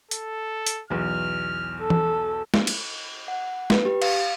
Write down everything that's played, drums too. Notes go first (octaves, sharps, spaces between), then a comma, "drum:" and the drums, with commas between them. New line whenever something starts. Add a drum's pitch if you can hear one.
A4, drum: hi-hat
drum: hi-hat
B1 E2 F6
A4
drum: tom E3
drum: snare
drum: cymbal
F#5
B4, drum: snare
G4
F5, drum: cymbal